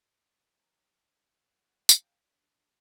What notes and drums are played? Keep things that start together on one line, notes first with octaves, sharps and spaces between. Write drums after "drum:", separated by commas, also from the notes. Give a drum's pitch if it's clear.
E3 C#5 A#5
D4
C2 A#2 G#3 B3 F5 F#5
A3 F5 G5, drum: tambourine
D4